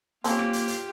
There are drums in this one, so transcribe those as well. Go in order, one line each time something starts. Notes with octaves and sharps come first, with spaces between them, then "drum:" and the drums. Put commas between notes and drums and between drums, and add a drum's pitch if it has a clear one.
A#3 C4 C#4 F4 G4, drum: hi-hat
drum: rim click
drum: hi-hat
drum: hi-hat